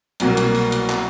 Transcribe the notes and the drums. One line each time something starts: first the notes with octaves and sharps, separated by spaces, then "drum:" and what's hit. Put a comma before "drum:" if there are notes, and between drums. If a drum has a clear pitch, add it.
C2 B2 F#3 A#3, drum: hi-hat
drum: hi-hat
drum: open hi-hat
drum: hi-hat
drum: clap